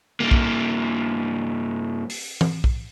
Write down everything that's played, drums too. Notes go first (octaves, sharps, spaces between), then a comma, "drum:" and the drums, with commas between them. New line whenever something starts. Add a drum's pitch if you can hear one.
G2 A#3
drum: kick B1
drum: open hi-hat
drum: tom E3
drum: kick B1